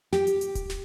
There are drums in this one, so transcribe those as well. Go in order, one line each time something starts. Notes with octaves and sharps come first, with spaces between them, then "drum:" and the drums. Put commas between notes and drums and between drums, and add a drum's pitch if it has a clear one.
G4, drum: snare
drum: hi-hat
drum: hi-hat
drum: kick D1, hi-hat
drum: snare